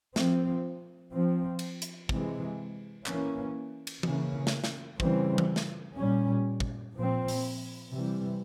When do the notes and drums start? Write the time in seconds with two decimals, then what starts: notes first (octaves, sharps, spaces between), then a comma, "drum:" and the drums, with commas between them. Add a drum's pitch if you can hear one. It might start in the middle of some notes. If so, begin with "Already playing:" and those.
0.16 F3 C4, drum: snare
1.13 F3 C4
1.59 drum: cymbal
1.82 drum: hi-hat
2.09 C3 E3 G#3, drum: kick
3.06 E3 A#3 C#4, drum: clap
3.87 drum: cymbal
4.03 C#3 E3 A#3 C#4, drum: tom E3
4.47 drum: snare
4.64 drum: snare
5.00 C#3 E3 G3 C4, drum: kick
5.38 drum: tom E3
5.56 drum: snare
5.96 A#2 G3 C#4
6.60 drum: kick
6.94 A#2 F3 C4
7.28 drum: open hi-hat
7.90 C3 E3 G3